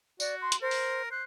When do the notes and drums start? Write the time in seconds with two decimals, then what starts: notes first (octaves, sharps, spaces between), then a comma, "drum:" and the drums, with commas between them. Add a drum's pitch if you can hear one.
0.20 F#4 D5, drum: tambourine
0.41 C6
0.52 drum: hi-hat
0.62 A#4 C5
0.71 drum: open hi-hat
1.11 C5 F#6